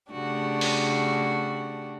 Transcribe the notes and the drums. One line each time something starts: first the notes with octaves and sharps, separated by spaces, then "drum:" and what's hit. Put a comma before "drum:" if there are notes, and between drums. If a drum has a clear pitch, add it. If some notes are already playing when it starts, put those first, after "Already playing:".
C#3 A3 D4 F#4 G4
drum: open hi-hat